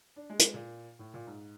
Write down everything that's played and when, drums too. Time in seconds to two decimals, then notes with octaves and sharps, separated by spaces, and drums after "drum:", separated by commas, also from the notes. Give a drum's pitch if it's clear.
0.16 D4
0.30 G#3
0.39 drum: hi-hat
0.54 A#2
0.99 A2
1.14 A#2
1.27 G#2